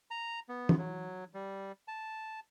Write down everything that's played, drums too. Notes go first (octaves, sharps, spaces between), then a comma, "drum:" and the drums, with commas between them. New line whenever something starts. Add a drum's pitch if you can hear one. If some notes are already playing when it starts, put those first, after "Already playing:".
A#5
B3
drum: tom
F#3
G3
A5